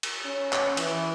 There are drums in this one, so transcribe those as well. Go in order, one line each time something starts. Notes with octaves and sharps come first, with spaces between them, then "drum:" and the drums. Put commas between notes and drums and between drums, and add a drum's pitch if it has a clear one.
drum: cymbal
C#4
drum: clap
E3, drum: cymbal